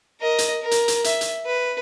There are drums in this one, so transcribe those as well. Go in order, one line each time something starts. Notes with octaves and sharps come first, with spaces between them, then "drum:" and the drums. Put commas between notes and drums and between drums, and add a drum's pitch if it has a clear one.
A#4 D#5
drum: hi-hat
A#4
drum: hi-hat
drum: hi-hat
E5, drum: hi-hat
drum: hi-hat
B4